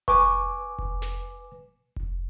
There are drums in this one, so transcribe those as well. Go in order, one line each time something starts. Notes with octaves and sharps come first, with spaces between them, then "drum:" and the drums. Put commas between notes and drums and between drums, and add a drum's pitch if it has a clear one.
B4 G#5 C#6 D6, drum: kick F1
drum: kick F1
drum: snare
drum: kick F1